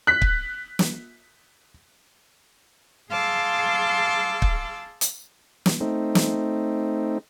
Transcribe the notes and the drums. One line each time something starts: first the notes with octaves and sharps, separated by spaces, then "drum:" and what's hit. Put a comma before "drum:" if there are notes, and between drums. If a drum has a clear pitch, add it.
F#6 B6
drum: kick
drum: snare
G#4 F5 A5 C6 D6 E6
drum: kick
drum: hi-hat
drum: snare
A3 C4 D#4
drum: snare